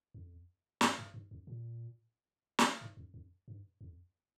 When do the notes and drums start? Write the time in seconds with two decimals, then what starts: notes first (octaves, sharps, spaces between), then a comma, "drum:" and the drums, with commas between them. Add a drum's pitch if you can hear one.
0.14 F2
0.81 G2, drum: snare
0.98 G2
1.14 G2
1.31 F2
1.47 A#2
2.59 drum: snare
2.81 G#2
2.97 F2
3.14 F2
3.48 G2
3.81 F2